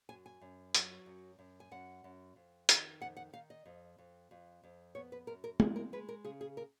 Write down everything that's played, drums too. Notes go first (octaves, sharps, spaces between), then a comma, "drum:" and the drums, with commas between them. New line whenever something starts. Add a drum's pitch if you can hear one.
F#2 G#5
G#5
F#2
F#3, drum: hi-hat
F#2
F#2
G#5
F#2 F#5
F#2
F2
D#3, drum: hi-hat
F2 F#5
F#5
D#3 F5
D#5
F2
F2
F2
F2
B3 C#5
B4
F#2 A#4
A#4
G#3 G#4, drum: tom
A#4
G#3 B4
A#4
C#3 G#4
G#4
A#4